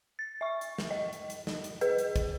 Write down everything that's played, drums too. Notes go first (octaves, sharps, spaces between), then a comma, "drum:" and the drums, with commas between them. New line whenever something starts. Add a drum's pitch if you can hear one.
A6
E5 C#6
drum: hi-hat
drum: snare
D#5
drum: hi-hat
drum: hi-hat
drum: snare
drum: hi-hat
G#4 B4 D#5, drum: hi-hat
drum: hi-hat
drum: kick, hi-hat